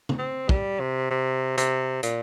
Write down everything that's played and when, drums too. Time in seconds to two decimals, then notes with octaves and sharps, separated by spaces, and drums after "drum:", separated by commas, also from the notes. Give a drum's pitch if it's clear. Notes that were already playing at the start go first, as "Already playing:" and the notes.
0.09 drum: tom C#3
0.19 C4
0.49 G3, drum: kick
0.80 C3
1.11 C3
1.58 C3, drum: hi-hat
2.03 A#2, drum: hi-hat